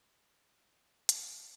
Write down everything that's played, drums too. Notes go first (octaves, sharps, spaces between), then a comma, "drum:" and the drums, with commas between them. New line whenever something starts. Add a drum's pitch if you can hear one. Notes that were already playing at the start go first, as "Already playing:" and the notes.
Already playing: A#1 A#2
B1 A#2
G#1 G#2 D#3 B4 D#5, drum: hi-hat